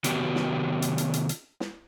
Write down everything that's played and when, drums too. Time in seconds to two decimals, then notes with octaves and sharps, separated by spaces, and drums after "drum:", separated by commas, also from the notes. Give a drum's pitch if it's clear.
0.04 C3 D#3 F#3 B3 F#4 G4, drum: hi-hat
0.35 drum: snare
0.82 drum: hi-hat
0.98 drum: hi-hat
1.14 drum: hi-hat
1.29 drum: hi-hat
1.60 drum: snare